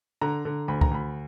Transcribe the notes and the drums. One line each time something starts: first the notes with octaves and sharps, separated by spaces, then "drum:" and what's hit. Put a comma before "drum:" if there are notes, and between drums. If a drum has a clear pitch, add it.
D3 A#5
D3
D2 B5
A#5, drum: kick C#2
D2 B5